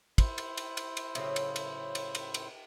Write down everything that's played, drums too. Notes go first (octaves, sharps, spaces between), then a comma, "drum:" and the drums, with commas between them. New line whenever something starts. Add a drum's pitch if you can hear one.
E4 C5, drum: kick, cymbal
drum: cymbal
drum: cymbal
drum: cymbal
drum: cymbal
A2 C#3 F#3, drum: cymbal
drum: cymbal
drum: cymbal
drum: cymbal
drum: cymbal
drum: cymbal